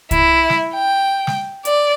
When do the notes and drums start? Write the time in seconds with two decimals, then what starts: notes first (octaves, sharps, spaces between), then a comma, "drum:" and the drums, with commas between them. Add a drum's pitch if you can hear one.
0.11 E4, drum: kick C2, hi-hat
0.50 drum: snare
0.74 G5
1.27 drum: snare
1.65 D5, drum: hi-hat